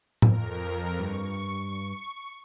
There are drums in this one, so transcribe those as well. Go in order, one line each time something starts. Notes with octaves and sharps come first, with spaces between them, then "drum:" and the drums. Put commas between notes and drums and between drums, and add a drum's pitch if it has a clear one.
F2 A#4, drum: tom A2
G2 C#6